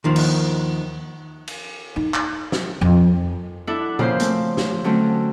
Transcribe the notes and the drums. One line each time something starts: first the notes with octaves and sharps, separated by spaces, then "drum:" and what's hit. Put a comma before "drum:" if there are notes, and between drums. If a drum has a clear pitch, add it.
D#2 D#3 F3
drum: cymbal
drum: cymbal
D#4
drum: clap
drum: snare
F2
D4 E4 A4 E5 F#5
C#3 F3 A#3 C5 C6 G6, drum: tom
A3 C4, drum: hi-hat
drum: snare
D3 F#3 A3 C4 C#4